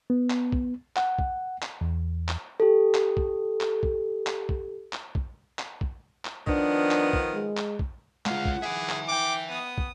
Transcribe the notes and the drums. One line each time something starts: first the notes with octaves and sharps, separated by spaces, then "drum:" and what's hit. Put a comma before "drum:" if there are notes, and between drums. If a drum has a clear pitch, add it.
B3
drum: clap
drum: kick
F#5, drum: clap
drum: kick
drum: clap
E2
drum: clap
G4 A4
drum: clap
drum: kick
drum: clap
drum: kick
drum: clap
drum: kick
drum: clap
drum: kick
drum: clap
drum: kick
drum: clap
D#3 F3 B3 D4, drum: kick
drum: clap
drum: kick
G#3
drum: clap
drum: kick
G#3 F4 F5 F#5, drum: clap
drum: kick
G#4 E5 G#5
drum: clap
G5 D6
B3 D#6
drum: kick